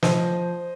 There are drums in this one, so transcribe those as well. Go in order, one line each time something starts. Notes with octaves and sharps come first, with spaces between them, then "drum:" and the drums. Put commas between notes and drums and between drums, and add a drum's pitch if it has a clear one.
F3 C5 D#5, drum: snare